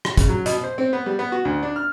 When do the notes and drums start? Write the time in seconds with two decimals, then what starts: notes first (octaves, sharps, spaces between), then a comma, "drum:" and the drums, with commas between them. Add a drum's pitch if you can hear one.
0.05 drum: rim click
0.17 C#3, drum: kick, hi-hat
0.29 F#3
0.46 B2, drum: hi-hat
0.63 C5
0.78 C4
0.93 B3
1.06 G3
1.19 B3
1.32 F#4
1.45 D2
1.62 D4
1.76 F6